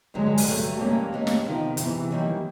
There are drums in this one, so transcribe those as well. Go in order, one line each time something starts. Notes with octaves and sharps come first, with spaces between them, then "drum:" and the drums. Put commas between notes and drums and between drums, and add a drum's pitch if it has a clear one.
G2 D3 F#3 G#3
drum: open hi-hat
G2 D3 F#3 A3
G2 E3 G#3 A#3 C#4
G2 E3 G#3 C#4
drum: snare
E2 C3 D#3 F3
E2 C3 D#3 E3, drum: hi-hat
F#2 D#3 G3 A#3